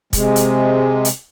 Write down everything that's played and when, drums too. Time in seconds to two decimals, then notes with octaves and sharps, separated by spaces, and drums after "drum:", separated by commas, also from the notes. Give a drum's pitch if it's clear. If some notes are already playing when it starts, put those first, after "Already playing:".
0.13 C3 G#3, drum: kick, hi-hat
0.36 drum: hi-hat
1.05 drum: hi-hat